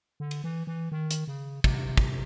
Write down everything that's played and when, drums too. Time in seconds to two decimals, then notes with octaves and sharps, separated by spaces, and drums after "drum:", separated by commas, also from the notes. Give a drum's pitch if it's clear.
0.20 D3
0.31 drum: cymbal
0.44 E3
0.67 E3
0.92 D#3
1.11 drum: hi-hat
1.28 C#3
1.64 C3, drum: kick
1.97 drum: kick